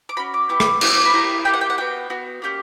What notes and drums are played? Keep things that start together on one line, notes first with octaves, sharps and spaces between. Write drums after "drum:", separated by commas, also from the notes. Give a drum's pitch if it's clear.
D6
C#4 F#4 B5
D6
B3 E4 G4 D6
drum: rim click
B3 E4 G4 D6, drum: cymbal
E6
D6
B5
A#3 E4 G4 A#5
A#3 E4 G4 G5
F#5
G5
F#5
B3 F#4 G5
B3 F#4
A#3 C#4 G4